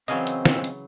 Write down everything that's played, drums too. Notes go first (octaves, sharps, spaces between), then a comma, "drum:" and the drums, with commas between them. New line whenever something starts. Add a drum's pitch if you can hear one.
C#3 E3 F#3 C4 D#5 F5 G#5, drum: hi-hat
drum: hi-hat
drum: snare
drum: hi-hat